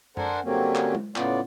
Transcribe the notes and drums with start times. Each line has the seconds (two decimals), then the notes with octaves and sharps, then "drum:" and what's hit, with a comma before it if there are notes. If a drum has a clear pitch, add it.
0.17 D4 A4 A#4 C5 F#5 G#5, drum: tom F#2
0.44 D3 F#3 G3 A#3 C4 C#4
0.75 drum: clap
0.95 drum: tom G#3
1.16 A2 C#3 B3 F4 D5, drum: clap